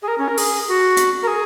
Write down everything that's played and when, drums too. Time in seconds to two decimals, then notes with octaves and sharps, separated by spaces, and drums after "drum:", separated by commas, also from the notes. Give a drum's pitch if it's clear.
0.02 G#4
0.07 A#4
0.18 C#4
0.28 A#4
0.37 G#4, drum: open hi-hat
0.68 F#4
0.97 drum: hi-hat
1.22 A#4
1.27 G#4